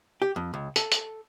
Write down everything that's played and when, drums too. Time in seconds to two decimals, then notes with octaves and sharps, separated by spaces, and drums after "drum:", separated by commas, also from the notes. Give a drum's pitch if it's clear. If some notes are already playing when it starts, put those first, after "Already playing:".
0.22 G4
0.36 F2
0.54 C#2
0.76 A4, drum: hi-hat
0.92 drum: hi-hat